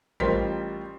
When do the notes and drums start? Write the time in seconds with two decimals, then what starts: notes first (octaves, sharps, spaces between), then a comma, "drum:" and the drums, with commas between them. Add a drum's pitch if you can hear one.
0.20 A1 G3 F4 A#4 C5 B6, drum: kick A1